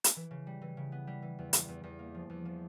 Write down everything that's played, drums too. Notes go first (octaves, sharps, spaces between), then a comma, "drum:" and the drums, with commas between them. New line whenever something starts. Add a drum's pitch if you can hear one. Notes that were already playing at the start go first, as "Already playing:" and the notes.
drum: hi-hat
E3
C#3
G3
E3
C#3
B3
G3
E3
E2
E2, drum: hi-hat
E2
E2
A#3
F3
E2
F3